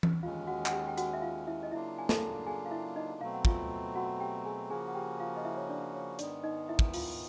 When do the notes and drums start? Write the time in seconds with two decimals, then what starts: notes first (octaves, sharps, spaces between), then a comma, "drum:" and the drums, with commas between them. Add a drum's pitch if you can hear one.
0.03 drum: tom E3
0.23 D#2 D#3 G#3 C#4 F4 F5
0.47 F#4 F#5
0.66 F#5, drum: clap
0.73 G4 G5
0.88 G5
0.98 F#4 F#5, drum: hi-hat
1.13 E5
1.22 F4 F5
1.47 E4 E5
1.63 D#5
1.72 C#3 F#3 A#3 D4 E4 F4 E5
1.98 G#5
2.09 A4 A5, drum: snare
2.46 G#4 G#5
2.66 F5
2.71 E4 E5
2.96 D#4 D#5
3.21 B2 F#3 A3 C4 F5
3.33 F#5
3.45 F4 F5, drum: kick
3.95 F#4 F#5
4.20 G4 G5
4.45 G#4 G#5
4.70 C#3 F3 A#3 C#4 F#4 G#4 G#5
4.88 F#5
4.95 G4 G5
5.20 F4 F5
5.37 D#5
5.45 E4 E5
5.57 C#5
5.69 D4 D5
5.94 C#5
6.19 G#2 D#3 G#3 B3 D4 D5, drum: hi-hat
6.44 D#4 D#5
6.69 E4 E5
6.79 drum: kick
6.94 F4 F5, drum: open hi-hat